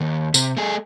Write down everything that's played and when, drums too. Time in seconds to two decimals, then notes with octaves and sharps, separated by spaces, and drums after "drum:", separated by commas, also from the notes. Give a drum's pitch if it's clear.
0.01 D#2
0.34 C3, drum: tambourine
0.57 A3 G#4